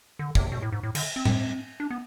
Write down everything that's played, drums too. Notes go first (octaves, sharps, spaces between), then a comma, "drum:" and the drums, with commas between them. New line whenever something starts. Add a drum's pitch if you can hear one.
D3
C3, drum: kick
B2
A2
G#2
A2
D3, drum: cymbal
C4
drum: tom A2
D4
B3